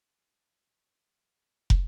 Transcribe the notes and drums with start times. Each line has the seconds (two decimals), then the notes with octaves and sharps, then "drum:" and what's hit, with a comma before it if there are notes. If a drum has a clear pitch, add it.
0.16 G#4
1.70 drum: kick